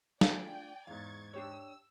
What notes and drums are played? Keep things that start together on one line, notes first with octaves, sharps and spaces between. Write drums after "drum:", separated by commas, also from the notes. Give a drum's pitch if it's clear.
A3 D4 F4 D5 G5 G#5, drum: snare
E2 G#2 F5 C#6 G#6 A6
D4 G4 C#5 E6